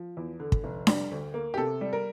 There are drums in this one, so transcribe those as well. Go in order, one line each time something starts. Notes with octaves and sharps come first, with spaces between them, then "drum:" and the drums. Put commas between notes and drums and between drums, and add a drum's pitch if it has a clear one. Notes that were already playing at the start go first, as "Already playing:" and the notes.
Already playing: F3
E2
D3
drum: kick
F1
G3, drum: snare D4
D2
A#3
G4
C3 A4
G3
A#4